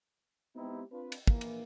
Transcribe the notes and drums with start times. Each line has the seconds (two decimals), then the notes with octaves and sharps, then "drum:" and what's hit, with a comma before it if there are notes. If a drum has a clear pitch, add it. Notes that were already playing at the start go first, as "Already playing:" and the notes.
0.56 G#3 B3 C4 D#4 E4 G4
0.92 C4 D4 F4 B4
1.12 drum: cymbal
1.27 A#1 E3 A#3, drum: kick
1.41 drum: cymbal